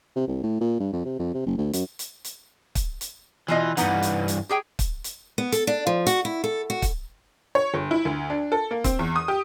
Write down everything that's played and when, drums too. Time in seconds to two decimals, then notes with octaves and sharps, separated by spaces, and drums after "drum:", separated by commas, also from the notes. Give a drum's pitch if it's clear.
0.16 C3
0.28 C2
0.43 A2
0.61 A#2
0.80 G2
0.92 F2
1.05 C3
1.19 F2
1.34 C3
1.46 F#1
1.58 D2
1.73 F#2, drum: hi-hat
1.99 drum: hi-hat
2.24 drum: hi-hat
2.75 drum: kick, hi-hat
3.01 drum: hi-hat
3.48 B2 E3 F4 D#5
3.77 G2 E3 B3 D#4 F#5, drum: hi-hat
4.03 drum: hi-hat
4.28 drum: hi-hat
4.49 G4 G#4 G5
4.79 drum: kick, hi-hat
5.04 drum: hi-hat
5.38 B3
5.52 A4, drum: hi-hat
5.67 D4
5.87 F3
6.07 F#4, drum: hi-hat
6.25 E4
6.44 A4
6.70 F#4
6.82 drum: kick, hi-hat
7.55 C#5
7.74 G1
7.91 E4
8.05 D2
8.30 D4
8.52 A4
8.71 A#3
8.84 C4, drum: kick, hi-hat
8.99 E2
9.16 D#6
9.28 G4